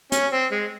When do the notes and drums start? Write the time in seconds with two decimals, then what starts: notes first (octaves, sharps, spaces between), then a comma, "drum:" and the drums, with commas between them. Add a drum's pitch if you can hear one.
0.12 C#4, drum: hi-hat
0.32 C4
0.51 G#3